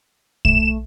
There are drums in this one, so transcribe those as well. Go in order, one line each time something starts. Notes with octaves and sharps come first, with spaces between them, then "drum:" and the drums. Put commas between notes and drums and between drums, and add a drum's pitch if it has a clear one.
A3 E7, drum: kick